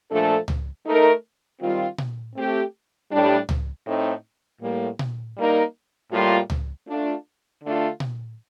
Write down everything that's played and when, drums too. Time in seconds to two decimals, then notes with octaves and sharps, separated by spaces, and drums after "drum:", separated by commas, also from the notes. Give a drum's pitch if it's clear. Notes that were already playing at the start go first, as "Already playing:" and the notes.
0.11 A#2 F3 A3 D4 A4
0.48 drum: tom C#2
0.86 A3 D#4 A#4
1.60 D#3 G3 C4 F4
1.98 drum: tom A#2
2.36 A3 C4 G4
3.11 A2 G3 D4
3.49 drum: tom C#2
3.86 A2 A3 C4 D#4
4.62 A2 G3 A#3
4.99 drum: tom A#2
5.36 G3 A#3 D#4 A#4
6.12 A2 G3 A#3 F4
6.50 drum: tom C#2
6.88 A3 D4 F4
7.63 D3 A3 D4 F4
8.00 drum: tom A#2